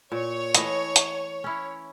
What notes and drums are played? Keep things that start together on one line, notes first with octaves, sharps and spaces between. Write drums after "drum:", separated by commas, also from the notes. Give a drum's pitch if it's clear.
A#2 C#5
E3 A3 D#5, drum: hi-hat
drum: hi-hat
C#4 E4